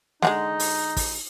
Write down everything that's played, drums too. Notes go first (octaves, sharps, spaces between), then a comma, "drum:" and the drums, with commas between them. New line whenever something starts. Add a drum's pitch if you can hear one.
D3 F#3 G#3 D#4, drum: snare
drum: open hi-hat
drum: kick, open hi-hat